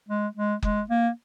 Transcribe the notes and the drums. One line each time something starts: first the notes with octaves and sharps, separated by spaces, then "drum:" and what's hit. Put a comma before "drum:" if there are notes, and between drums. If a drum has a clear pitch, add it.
G#3
G#3
G#3, drum: kick F#1
A#3